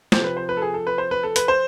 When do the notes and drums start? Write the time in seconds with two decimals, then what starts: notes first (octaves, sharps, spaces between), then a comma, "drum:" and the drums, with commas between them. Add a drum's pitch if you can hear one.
0.12 C3 F3 C5, drum: snare
0.24 B4
0.37 C5
0.49 B4
0.57 A4
0.62 G#4
0.74 A4
0.87 B4
0.98 C5
1.11 B4
1.23 A4
1.36 B4, drum: hi-hat
1.48 C5